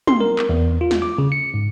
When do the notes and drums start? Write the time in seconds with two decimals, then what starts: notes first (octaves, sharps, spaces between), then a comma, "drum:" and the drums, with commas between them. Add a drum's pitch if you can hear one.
0.07 C6, drum: tom
0.20 A#4
0.39 drum: clap
0.49 E2
0.81 F4
0.91 drum: snare
1.02 D6
1.18 C#3
1.32 C#7
1.54 G#2